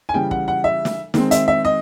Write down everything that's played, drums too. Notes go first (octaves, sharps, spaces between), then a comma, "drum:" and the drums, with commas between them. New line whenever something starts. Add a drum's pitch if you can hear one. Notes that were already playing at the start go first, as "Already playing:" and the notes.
G#5
C#3 E3 G3 G5
F#5, drum: kick
F#5
E5
drum: snare
D#3 G#3 C4, drum: snare
E5, drum: hi-hat
E5
D#5